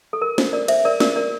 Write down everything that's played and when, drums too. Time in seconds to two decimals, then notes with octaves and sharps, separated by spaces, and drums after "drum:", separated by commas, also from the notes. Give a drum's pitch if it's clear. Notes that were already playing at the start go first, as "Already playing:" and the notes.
0.13 A4
0.22 A#4
0.38 C5, drum: snare
0.53 A#4 D5
0.68 C5 E5, drum: cymbal
0.85 A#4 D5
1.00 A#4 D5, drum: snare
1.16 A#4 D5